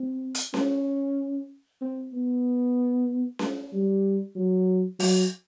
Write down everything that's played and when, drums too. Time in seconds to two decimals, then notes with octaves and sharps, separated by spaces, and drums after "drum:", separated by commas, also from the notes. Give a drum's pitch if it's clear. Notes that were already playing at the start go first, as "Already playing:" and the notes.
Already playing: C4
0.35 drum: hi-hat
0.54 C#4, drum: snare C#4
1.81 C4
2.13 B3
3.39 drum: snare C#4
3.73 G3
4.36 F#3
5.00 F#3, drum: open hi-hat